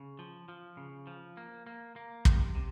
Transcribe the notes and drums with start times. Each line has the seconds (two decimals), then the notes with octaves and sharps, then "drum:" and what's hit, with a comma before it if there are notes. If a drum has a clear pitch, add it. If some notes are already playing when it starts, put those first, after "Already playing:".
Already playing: C#3
0.19 F3
0.48 F3
0.77 C#3
1.07 F3
1.37 A#3
1.67 A#3
1.96 A#3
2.25 C3, drum: kick
2.55 C3